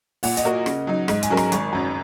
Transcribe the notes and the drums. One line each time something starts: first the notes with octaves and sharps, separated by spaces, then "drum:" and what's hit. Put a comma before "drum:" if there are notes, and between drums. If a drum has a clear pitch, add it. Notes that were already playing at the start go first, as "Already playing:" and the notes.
A#2 F#5, drum: open hi-hat
D#5, drum: hi-hat
A#3 F#4 A#4
C#3, drum: rim click
F#3 D#4
G#2 D#5, drum: rim click
G#5, drum: hi-hat
F#3 C#4 F#4 A#4
A#5, drum: rim click
G#1 C#6, drum: hi-hat
F#2 F#3 A#5